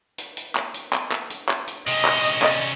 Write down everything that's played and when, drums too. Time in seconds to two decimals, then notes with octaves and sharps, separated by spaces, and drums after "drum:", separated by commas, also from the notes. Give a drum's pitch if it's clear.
0.18 drum: hi-hat
0.37 drum: hi-hat
0.55 drum: clap
0.74 drum: hi-hat
0.93 drum: clap
1.11 drum: clap
1.30 drum: hi-hat
1.49 drum: clap
1.67 drum: hi-hat
1.87 C3 C#4 D#5, drum: hi-hat
2.05 drum: clap
2.23 drum: hi-hat
2.42 D5 D#5, drum: clap